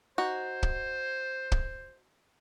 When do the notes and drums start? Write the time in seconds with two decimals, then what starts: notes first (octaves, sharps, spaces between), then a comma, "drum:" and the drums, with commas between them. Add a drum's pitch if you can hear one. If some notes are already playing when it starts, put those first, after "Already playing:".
0.18 D#4 F#4 C5
0.63 drum: kick
1.52 drum: kick